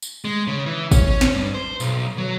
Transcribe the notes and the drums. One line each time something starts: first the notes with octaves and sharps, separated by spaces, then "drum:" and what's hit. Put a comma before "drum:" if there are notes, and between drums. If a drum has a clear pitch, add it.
drum: tambourine
G#3
C#3
E3
C#4, drum: kick, tambourine
drum: snare
G2
C5
B1, drum: tambourine
F#3